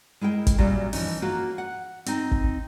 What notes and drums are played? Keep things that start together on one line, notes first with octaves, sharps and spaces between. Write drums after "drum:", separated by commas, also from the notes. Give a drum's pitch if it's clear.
G#3 E4 A#4 G5
drum: kick, hi-hat
F#2 A#2 F#3 G3 C#4 F#4
E3 F3 C#4 D#4, drum: open hi-hat
A#3 F4 F#4 C#5
F#5
C4 D#4, drum: hi-hat
drum: kick